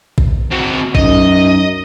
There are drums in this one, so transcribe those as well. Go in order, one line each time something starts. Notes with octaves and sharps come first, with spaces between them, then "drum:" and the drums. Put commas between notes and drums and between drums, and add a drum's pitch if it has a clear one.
drum: kick A#1
C4 F#4
F#2 D#4 D#5, drum: kick A#1